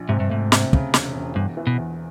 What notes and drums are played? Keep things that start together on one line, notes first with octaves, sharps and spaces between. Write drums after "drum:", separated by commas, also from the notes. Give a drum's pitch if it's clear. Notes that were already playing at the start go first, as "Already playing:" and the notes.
Already playing: A#1
G#2 C3
G2
G#2 A3
C3, drum: snare
C#3, drum: kick
E1, drum: snare
E1
E2 G2
E3
B2
E2